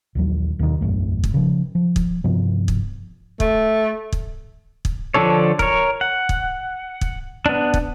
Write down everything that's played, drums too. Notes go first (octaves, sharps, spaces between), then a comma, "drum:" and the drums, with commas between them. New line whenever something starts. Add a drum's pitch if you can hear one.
A#1 D#2 F#3
D#2 B2 D3 D#3
E1 B1 F#2 A2
drum: kick
C#3 F3
F3
drum: kick
G2 C3 F3 B3
drum: kick
A3, drum: kick
drum: kick
drum: kick
D3 F3 D4 A4 C#5
A#4 C#5, drum: kick
F#5
drum: kick
drum: kick
B3 D4
drum: kick